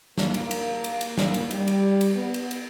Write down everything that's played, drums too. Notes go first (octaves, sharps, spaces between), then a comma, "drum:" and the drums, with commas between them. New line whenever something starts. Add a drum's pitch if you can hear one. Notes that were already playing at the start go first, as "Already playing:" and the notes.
A#3, drum: snare
drum: cymbal
drum: cymbal
drum: cymbal
drum: cymbal
drum: snare
drum: cymbal
G3, drum: cymbal
drum: cymbal
drum: cymbal
B3
drum: cymbal
drum: cymbal